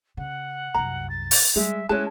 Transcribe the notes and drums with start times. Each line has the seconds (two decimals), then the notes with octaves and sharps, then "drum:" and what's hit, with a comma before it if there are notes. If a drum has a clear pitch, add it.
0.17 C#3 F#5
0.74 C2 F#2 A#5
1.09 A6
1.31 drum: open hi-hat
1.56 G3 G#3 E5
1.89 G#3 A3 C#4 E4 A5 F#6